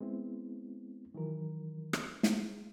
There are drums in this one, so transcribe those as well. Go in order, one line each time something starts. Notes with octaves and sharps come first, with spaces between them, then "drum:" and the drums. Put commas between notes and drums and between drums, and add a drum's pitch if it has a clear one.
G#3 B3 C4 E4
D#3 E3 F#3 A#4
drum: rim click
G#3, drum: snare